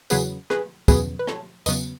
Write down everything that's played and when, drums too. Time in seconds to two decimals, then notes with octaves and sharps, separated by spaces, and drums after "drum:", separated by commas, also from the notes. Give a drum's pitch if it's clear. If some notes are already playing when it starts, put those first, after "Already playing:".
0.10 E2 C#3 F#3 B3 G#4 B4, drum: tambourine
0.50 G#4 B4, drum: rim click
0.88 E2 C#3 F#3 B3 G#4 B4, drum: kick, tambourine
1.19 B4
1.27 A4 C#5, drum: rim click
1.66 E2 C#3 F#3 B3 B4 D#5, drum: tambourine